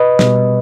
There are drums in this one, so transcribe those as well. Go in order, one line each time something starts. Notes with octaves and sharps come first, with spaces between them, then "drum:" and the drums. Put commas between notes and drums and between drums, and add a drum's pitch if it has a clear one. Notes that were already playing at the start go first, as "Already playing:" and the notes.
Already playing: B4 D#5
B2 G3, drum: snare